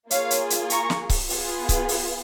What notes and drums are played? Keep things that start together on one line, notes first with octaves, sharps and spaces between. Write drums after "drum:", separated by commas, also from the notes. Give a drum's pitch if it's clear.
A#3 F4 G#4 C#5 F5, drum: hi-hat
drum: hi-hat
drum: hi-hat
A#5 C#6, drum: hi-hat
drum: snare
drum: kick C#1, open hi-hat
B3 F4 G#4, drum: open hi-hat
drum: kick C#1, hi-hat
drum: open hi-hat